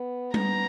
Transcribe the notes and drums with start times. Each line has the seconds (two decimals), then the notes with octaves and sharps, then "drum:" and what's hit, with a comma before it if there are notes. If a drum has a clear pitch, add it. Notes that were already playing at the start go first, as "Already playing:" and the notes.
Already playing: B3
0.34 B3 A#5, drum: tom G3